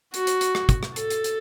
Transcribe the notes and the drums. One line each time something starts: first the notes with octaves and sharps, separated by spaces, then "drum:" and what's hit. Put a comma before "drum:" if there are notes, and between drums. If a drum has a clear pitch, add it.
F#4, drum: hi-hat
drum: hi-hat
drum: hi-hat
drum: rim click
drum: kick, hi-hat
drum: rim click
A4, drum: hi-hat
drum: hi-hat
drum: hi-hat